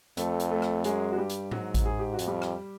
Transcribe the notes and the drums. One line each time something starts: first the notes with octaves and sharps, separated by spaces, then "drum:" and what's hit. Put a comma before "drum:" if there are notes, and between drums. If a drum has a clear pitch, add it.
F2 A3 A4, drum: hi-hat
drum: hi-hat
A3 A4
drum: rim click
F#2 G#3 G#4, drum: hi-hat
F#4
G2 G3 G4
drum: hi-hat
G#2 F#3 F#4, drum: tom A2
drum: kick A1, hi-hat
G#4
G4
F#4
F2, drum: hi-hat
G3 G4
drum: rim click